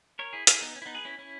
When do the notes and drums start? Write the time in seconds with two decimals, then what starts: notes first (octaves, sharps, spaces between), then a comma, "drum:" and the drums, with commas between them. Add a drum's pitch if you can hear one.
0.19 A#4 C#5
0.33 E4 G#4
0.47 E4 G#4, drum: hi-hat
0.61 B3 D#4
0.76 C#4
0.82 E4
0.86 B3 D#4
0.95 G#4 B4
1.05 C#4 E4
1.19 C#4 E4